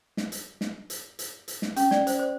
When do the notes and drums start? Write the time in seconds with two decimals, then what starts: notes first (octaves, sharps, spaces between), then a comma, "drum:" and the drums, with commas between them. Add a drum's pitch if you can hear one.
0.17 drum: snare
0.32 drum: hi-hat
0.61 drum: snare
0.90 drum: hi-hat
1.19 drum: hi-hat
1.48 drum: hi-hat
1.62 drum: snare
1.76 C#4, drum: hi-hat
1.91 D5, drum: snare
2.07 C5, drum: hi-hat
2.19 C5